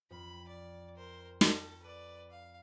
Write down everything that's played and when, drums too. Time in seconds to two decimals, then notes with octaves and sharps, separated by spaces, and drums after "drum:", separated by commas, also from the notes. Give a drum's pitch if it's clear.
0.10 F2 B5
0.48 D5
0.95 A#4 C5
1.41 A4, drum: snare
1.83 B4 D5
2.30 F5